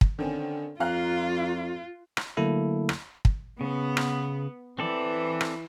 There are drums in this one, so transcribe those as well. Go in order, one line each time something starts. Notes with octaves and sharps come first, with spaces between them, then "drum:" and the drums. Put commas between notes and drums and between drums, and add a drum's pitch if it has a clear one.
drum: kick
D3 D#3 C4 C#4
F2 F4 F5 A#5 F#6
drum: rim click
D3 F#3 A3 A#3 E4 A4
drum: rim click
drum: kick
C#3 B3
drum: rim click
E3 C4 A4 D5
drum: rim click